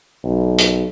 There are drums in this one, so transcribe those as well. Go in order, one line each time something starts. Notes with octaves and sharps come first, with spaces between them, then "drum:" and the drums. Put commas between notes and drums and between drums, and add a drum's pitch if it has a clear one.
B1
drum: hi-hat